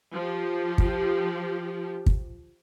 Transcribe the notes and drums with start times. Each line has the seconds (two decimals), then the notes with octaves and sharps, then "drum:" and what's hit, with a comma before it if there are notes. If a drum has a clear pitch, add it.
0.14 F3 G4
0.78 drum: kick
2.06 drum: kick